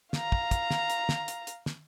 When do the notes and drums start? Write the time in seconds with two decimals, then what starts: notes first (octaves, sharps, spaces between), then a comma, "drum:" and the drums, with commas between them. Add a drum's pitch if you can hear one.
0.13 F5 A#5, drum: snare
0.32 drum: kick
0.51 drum: kick, hi-hat
0.71 drum: snare
0.90 drum: hi-hat
1.09 drum: snare
1.28 drum: hi-hat
1.47 drum: hi-hat
1.66 drum: snare